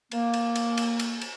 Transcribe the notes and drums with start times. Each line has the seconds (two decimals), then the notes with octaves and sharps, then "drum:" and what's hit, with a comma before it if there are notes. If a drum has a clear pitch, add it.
0.12 A#3, drum: cymbal
0.33 drum: cymbal
0.55 drum: cymbal
0.77 drum: cymbal
0.99 drum: cymbal
1.21 drum: cymbal